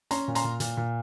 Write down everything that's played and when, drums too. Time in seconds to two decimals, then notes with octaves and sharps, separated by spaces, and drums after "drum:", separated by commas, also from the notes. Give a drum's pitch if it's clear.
0.11 C#4 A#5 C6, drum: hi-hat
0.28 A#2
0.35 A#5 C6, drum: hi-hat
0.44 A#2
0.60 A#2, drum: hi-hat
0.77 A#2